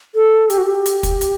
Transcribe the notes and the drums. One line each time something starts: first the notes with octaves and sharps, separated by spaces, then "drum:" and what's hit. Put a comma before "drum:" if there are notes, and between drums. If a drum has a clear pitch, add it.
A4
G4, drum: hi-hat
F#4
G4
drum: hi-hat
drum: kick, hi-hat
drum: hi-hat